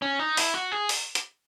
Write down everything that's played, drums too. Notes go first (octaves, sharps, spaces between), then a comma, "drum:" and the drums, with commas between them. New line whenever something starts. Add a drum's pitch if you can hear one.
C#4
D#4
E4, drum: open hi-hat
F#4
G#4
drum: open hi-hat
drum: hi-hat